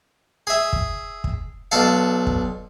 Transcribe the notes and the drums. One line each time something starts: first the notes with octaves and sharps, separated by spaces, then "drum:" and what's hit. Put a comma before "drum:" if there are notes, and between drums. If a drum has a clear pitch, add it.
G#4 E5
drum: kick
drum: kick
B1 D4 A4 F5
drum: kick